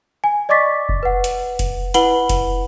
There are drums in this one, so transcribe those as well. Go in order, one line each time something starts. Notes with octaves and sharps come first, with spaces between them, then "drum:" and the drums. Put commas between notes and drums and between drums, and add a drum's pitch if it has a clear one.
G#5
D5 D#5 C#6 D6 A6 B6
drum: kick F1
B4 F#5
drum: hi-hat
drum: kick F1, hi-hat
E4 B4 F#5 B5 F#7 G7, drum: hi-hat
drum: kick F1, hi-hat